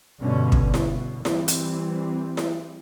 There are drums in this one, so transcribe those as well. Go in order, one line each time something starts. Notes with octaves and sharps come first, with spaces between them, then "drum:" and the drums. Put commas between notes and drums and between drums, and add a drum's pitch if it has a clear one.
G2 B2 D3 C#4
drum: kick
drum: snare E4
B2
E3 G3 C4, drum: snare E4
drum: hi-hat
drum: snare E4